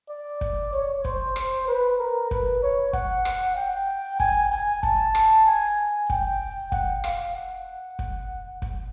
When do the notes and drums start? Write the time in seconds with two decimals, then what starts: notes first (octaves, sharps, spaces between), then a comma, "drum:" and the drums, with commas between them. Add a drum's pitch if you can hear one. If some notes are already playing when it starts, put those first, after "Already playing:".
0.10 D5
0.41 drum: kick
0.73 C#5
1.05 C5, drum: kick
1.36 drum: rim click
1.68 B4
1.99 A#4
2.31 B4, drum: kick
2.63 C#5
2.93 F#5, drum: kick
3.25 drum: rim click
3.57 G5
4.20 G#5, drum: kick
4.52 G#5
4.83 A5, drum: kick
5.15 drum: rim click
5.47 G#5
6.10 G5, drum: kick
6.72 F#5, drum: kick
7.04 F5, drum: rim click
7.36 F#5
7.99 drum: kick
8.62 drum: kick